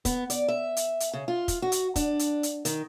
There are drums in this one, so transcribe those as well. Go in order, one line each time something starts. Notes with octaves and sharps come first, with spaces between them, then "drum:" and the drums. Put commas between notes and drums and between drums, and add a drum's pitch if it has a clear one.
B3, drum: kick, hi-hat
D5, drum: hi-hat
E5
drum: hi-hat
drum: hi-hat
C#3
F4
drum: kick, hi-hat
F#4
drum: hi-hat
D4, drum: kick, hi-hat
drum: hi-hat
drum: hi-hat
D#3, drum: hi-hat